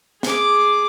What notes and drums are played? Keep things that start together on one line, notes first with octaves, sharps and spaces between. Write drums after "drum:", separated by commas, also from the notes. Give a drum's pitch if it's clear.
G#4 D6, drum: snare